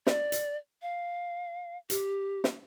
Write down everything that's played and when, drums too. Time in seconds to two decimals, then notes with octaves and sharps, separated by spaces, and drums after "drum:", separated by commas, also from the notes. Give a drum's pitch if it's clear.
0.07 D5, drum: snare
0.32 drum: hi-hat
0.82 F5
1.90 G4, drum: hi-hat
2.44 drum: snare